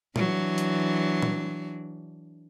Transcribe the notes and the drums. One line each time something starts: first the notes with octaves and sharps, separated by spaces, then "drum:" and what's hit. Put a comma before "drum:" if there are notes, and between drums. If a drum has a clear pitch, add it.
E3 F#3 D4, drum: tom
drum: hi-hat
drum: tom